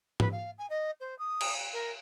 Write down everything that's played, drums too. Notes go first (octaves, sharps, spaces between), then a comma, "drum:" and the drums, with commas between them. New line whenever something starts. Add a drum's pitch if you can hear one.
B4, drum: tom G#2
F5
G#5
D#5
C5
D#6
drum: cymbal
A#4